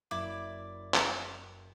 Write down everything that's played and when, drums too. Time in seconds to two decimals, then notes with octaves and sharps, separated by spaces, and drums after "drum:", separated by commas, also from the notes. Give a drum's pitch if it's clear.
0.11 F#1 E4 D5 D6
0.94 drum: clap